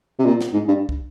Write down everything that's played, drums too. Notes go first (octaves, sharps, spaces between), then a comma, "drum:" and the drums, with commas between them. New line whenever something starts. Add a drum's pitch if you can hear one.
C3
A#2
drum: snare
G#2
G2
drum: kick